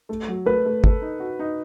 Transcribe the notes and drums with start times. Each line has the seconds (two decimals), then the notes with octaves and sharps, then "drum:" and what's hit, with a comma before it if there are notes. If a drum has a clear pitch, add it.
0.09 A3
0.28 F#3
0.46 A3 B4
0.65 A3
0.84 A4, drum: kick
1.02 D#4
1.20 F#4
1.39 D#4